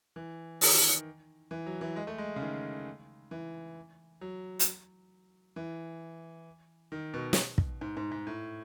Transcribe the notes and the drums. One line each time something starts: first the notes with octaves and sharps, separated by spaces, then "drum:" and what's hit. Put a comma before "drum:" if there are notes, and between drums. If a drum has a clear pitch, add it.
E3
D#3, drum: open hi-hat
E3
F#3
E3
G#3
A3
G#3
C#3
D#3
E3
F#3
drum: hi-hat
E3
D#3
B2
drum: snare
drum: kick
G#2
G#2
G#2
A2